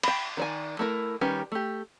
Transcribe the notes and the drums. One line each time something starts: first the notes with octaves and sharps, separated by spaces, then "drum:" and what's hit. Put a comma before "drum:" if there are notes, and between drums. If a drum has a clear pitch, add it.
G5 B5, drum: cymbal
D#3 D5 G#5
A3 E4 A#4
D#3 G3 C#4 G4 B4
A3 G4